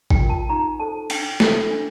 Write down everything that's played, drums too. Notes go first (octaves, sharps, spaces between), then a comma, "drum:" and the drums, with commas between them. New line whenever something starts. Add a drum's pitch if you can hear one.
G5, drum: kick A1
F4 A#4
A5
D#4 A#5
A4 C5 A5
D4 G5, drum: cymbal
A4 C5, drum: snare
D4